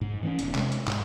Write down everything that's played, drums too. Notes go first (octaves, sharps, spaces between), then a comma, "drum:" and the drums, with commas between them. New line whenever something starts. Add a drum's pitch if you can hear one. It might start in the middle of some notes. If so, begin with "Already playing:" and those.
G#2
E3 B3 C#4
E1, drum: hi-hat
C3 G#3, drum: clap
drum: hi-hat
G#2, drum: clap